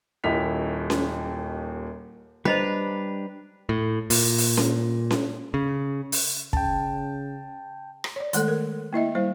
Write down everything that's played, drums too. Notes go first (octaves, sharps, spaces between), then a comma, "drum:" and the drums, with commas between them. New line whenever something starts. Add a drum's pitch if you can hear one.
D#1 D#2 E4 D#5 B6 F7
drum: snare C#4
G3 D4 B4 C5 D#5 A#5 B5
A2
A#2, drum: open hi-hat
drum: open hi-hat
drum: snare C#4
drum: snare C#4
C#3
drum: open hi-hat
C#3 G5 A5, drum: kick
drum: rim click
C#5 D5
D#3 G#3 A3 A4, drum: hi-hat
A#4
A#3 E4 D#5 E5
G3 E4 C5